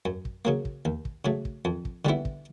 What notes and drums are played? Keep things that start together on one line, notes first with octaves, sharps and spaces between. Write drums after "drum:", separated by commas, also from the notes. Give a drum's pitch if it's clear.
F#2
drum: kick
C#3 F#3 A#3
drum: kick
D#2
drum: kick
C#3 F#3 A3
drum: kick
F2
drum: kick
D3 G3 B3 E4
drum: kick